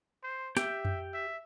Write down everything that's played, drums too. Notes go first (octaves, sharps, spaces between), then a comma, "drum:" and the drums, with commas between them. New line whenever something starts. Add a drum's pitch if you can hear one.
C5
G4 E5 G5, drum: snare
drum: tom F2
E5